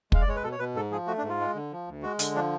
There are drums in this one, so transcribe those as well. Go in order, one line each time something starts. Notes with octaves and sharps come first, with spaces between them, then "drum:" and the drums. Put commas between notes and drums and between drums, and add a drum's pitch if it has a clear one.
G#3 F5, drum: kick
D5
G#3 C#5
B4
B2 A4
C#5
B2 B4
G#2 A4
F3 G#4
A3 F#4
D4
G#2
F4
G#3
D3
F3
D2
G#3 F#4
D3, drum: hi-hat
F3 D4